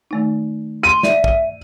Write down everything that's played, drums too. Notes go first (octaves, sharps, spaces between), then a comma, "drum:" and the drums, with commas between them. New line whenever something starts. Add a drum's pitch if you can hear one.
D#3 A3 D#4
C6 D#7
D5 E5, drum: snare
drum: kick